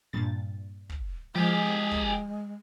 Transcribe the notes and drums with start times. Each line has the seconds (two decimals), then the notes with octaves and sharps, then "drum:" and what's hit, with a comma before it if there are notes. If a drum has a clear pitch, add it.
0.13 G2 A#2 A6
0.90 drum: kick
1.36 F3 G#3 G4 G#4
1.91 drum: kick